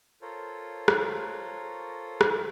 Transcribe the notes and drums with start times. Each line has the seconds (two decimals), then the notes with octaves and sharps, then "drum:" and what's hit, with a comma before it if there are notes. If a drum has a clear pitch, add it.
0.22 F4 A4 A#4 C5 C#5
0.88 drum: rim click
2.21 drum: rim click